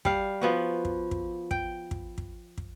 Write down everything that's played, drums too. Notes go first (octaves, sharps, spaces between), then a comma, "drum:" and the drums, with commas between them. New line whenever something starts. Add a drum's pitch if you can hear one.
G3 F5, drum: kick
F3 B3 F#4
drum: kick
drum: kick
G5, drum: kick
drum: kick
drum: kick
drum: kick